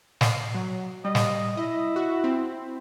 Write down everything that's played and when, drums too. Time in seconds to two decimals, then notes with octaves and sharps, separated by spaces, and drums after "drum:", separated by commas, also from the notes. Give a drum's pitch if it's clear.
0.21 C7, drum: snare
0.55 F#3
1.05 G3 D#5
1.15 drum: snare
1.57 E4 D#5
1.96 F#4
2.24 C4